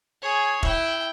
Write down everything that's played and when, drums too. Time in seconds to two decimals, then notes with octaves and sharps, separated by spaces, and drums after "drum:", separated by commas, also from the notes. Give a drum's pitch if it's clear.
0.22 G#4 C#5
0.63 E4 G5, drum: kick E1